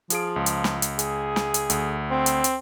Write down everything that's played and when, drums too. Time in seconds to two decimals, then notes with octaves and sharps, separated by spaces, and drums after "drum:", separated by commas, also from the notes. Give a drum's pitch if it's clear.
0.10 F3 F4 G#4 D7, drum: hi-hat
0.36 C#2
0.46 drum: hi-hat
0.64 drum: snare
0.82 drum: hi-hat
0.99 G#4, drum: hi-hat
1.36 drum: snare
1.54 drum: hi-hat
1.70 D2, drum: hi-hat
2.11 C4
2.26 drum: hi-hat
2.44 drum: hi-hat